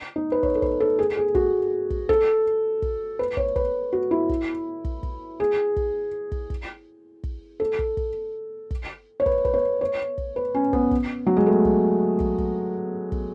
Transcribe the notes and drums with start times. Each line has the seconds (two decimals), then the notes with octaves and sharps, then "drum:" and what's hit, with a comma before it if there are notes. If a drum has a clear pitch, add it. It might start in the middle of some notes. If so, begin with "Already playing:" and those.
0.16 D#4
0.32 B4
0.43 C#5, drum: kick
0.55 A4
0.62 B4, drum: kick
0.80 A4
0.99 G#4
1.17 G#4
1.35 F#4, drum: kick
1.90 drum: kick
2.09 A4, drum: kick
2.82 drum: kick
3.19 B4
3.37 C#5, drum: kick
3.56 B4, drum: kick
3.93 F#4
4.11 E4
4.29 drum: kick
4.85 drum: kick
5.03 drum: kick
5.40 G#4
5.76 drum: kick
6.32 drum: kick
6.50 drum: kick
7.24 drum: kick
7.60 A4
7.79 drum: kick
7.97 drum: kick
8.71 drum: kick
9.20 C#5
9.26 B4, drum: kick
9.45 B4, drum: kick
9.54 C#5
9.81 C#5
10.18 drum: kick
10.36 B4
10.54 C#4
10.73 B3, drum: kick
10.91 drum: kick
11.27 F#3
11.37 G#3
11.46 A3
11.65 drum: kick
12.20 drum: kick
12.38 drum: kick
13.12 drum: kick